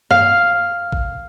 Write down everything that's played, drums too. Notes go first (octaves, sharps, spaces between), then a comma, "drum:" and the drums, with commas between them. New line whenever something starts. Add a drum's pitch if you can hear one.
F5, drum: tom
drum: kick A1